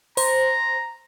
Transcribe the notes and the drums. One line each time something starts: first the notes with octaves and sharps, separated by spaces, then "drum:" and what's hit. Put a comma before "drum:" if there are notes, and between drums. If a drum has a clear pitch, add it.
C5 A#5, drum: open hi-hat